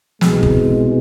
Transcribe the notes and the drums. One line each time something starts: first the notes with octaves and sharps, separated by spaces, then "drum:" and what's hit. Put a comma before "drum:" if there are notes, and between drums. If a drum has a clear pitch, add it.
C2 B2 G#3, drum: snare
drum: kick